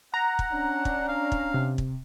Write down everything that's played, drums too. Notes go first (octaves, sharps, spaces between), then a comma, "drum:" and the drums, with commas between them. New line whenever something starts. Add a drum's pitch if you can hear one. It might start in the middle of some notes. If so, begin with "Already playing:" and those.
F#5 A#5
drum: kick
C#4 D4
drum: kick
F5
drum: kick
C3
drum: kick